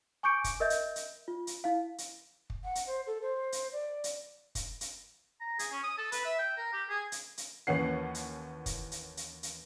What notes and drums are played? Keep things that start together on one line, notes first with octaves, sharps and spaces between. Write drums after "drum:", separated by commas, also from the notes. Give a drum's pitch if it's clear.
G#5 C#6 D6 G6 C#7 D7
drum: kick, hi-hat
A#4 D#5 E5 G6
drum: hi-hat
drum: hi-hat
F4
drum: hi-hat
E4 F5
drum: hi-hat
drum: kick
F#5
drum: hi-hat
C5
A4
C5
drum: hi-hat
D5
drum: hi-hat
drum: kick, hi-hat
drum: hi-hat
A#5
G#4, drum: hi-hat
C#4
D#6
A4
B4, drum: hi-hat
E5
G5
A#4
G4
G#4
drum: hi-hat
drum: hi-hat
D#2 E3 C#4 F#5 C7
drum: hi-hat
drum: kick, hi-hat
drum: hi-hat
drum: hi-hat
drum: hi-hat